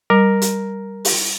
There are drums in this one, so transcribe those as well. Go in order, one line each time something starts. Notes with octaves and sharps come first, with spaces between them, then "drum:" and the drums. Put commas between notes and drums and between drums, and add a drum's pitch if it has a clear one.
G3 A#4
drum: hi-hat
drum: open hi-hat